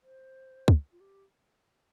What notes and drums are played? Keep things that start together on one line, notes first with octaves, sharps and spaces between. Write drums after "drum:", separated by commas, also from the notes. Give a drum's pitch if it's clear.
C5
drum: kick
F4
G4